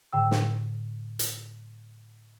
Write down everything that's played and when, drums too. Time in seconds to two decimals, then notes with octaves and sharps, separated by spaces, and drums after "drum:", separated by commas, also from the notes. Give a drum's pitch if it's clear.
0.13 A2 D3 G5 E6
0.31 drum: snare
1.19 drum: hi-hat